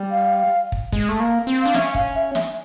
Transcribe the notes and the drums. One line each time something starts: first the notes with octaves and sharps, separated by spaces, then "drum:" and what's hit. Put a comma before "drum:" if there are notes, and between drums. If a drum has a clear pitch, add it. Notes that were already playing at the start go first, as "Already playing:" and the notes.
Already playing: G3
F5
drum: kick
G#3, drum: kick
A3
A#3
C4
D4 F5
C#4 E5, drum: snare
F5, drum: kick
E5
E5, drum: snare